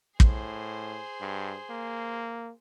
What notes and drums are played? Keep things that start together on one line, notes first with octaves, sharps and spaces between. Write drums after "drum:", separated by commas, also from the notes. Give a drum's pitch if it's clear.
A2 G#4 C5, drum: kick
G2
A#3